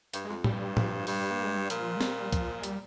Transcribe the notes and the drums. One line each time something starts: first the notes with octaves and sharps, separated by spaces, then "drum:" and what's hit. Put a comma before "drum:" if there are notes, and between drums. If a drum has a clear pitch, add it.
G2, drum: hi-hat
G#3
F2
G2 G3, drum: tom A2
F3, drum: tom A2
G2 G3, drum: open hi-hat
A#3
G#3
G3
A#2 F3, drum: hi-hat
G#3
G3, drum: snare
F3, drum: kick, hi-hat
G#3
G3, drum: hi-hat